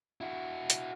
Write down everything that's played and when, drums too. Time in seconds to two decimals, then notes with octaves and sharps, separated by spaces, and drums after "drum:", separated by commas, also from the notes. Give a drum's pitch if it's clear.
0.21 E4 F#4
0.70 drum: hi-hat